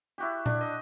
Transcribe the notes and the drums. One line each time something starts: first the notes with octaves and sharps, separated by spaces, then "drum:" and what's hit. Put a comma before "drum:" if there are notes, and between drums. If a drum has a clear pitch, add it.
E4 F#4 G4
D4, drum: tom A#2
D#5